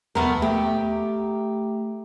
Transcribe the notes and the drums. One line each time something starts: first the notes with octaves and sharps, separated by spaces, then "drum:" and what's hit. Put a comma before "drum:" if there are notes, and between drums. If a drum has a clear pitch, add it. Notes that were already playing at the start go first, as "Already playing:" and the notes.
A3 B3 A#4, drum: tom D#2
A3 G4 A#5